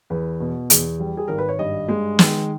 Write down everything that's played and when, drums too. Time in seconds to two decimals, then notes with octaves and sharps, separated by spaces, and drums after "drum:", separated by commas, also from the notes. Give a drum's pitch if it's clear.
0.10 E2 B4
0.40 B2
0.70 E2, drum: hi-hat
1.00 G3
1.17 G#4
1.28 G#1 A#4
1.38 B4
1.49 C#5
1.59 G2 D#5
1.88 G#3
2.19 D#3, drum: snare